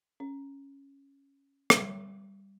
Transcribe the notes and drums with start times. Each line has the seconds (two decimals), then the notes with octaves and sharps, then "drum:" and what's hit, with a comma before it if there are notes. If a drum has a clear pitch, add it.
0.20 C#4
1.70 G3, drum: rim click